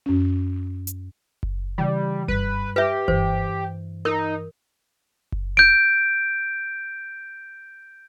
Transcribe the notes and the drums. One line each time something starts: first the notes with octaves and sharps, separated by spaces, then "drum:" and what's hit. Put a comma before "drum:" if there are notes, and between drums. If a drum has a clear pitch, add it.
F#2 C#4
drum: hi-hat
drum: kick F#1
C#3 E3 G3
G2 G3 B4, drum: kick F#1
G4 B4 E5
G2 E3 C5, drum: kick F#1
D#4 A#4
drum: kick F#1
G6 D7